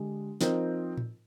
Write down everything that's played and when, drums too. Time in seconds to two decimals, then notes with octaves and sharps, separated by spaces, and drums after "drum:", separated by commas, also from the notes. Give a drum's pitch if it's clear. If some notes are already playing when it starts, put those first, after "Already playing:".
Already playing: D3 G#3 D4 G4
0.41 F3 C4 D#4 A#4, drum: snare
0.98 drum: tom A2